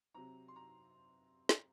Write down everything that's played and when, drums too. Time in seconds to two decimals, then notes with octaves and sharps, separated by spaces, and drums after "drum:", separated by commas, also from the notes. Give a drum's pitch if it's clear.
0.14 C3 F#3 C4 A#5
0.48 C6
0.56 A#5
1.49 drum: snare